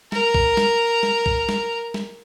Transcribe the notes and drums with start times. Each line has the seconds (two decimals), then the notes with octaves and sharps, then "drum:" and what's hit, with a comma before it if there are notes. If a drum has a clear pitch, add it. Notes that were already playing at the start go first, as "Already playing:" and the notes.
0.12 A#4, drum: snare
0.34 drum: kick
0.57 drum: snare
1.03 drum: snare
1.26 drum: kick
1.49 drum: snare
1.94 drum: snare